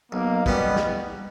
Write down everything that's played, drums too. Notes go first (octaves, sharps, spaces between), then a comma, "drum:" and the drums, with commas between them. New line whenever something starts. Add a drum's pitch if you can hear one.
B1 A#3
B2 G3 B3 C#4, drum: kick
drum: snare